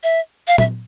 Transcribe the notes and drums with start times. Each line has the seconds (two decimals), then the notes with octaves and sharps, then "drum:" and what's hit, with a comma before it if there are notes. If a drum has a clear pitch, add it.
0.03 E5
0.48 F5
0.58 E5, drum: tom A#2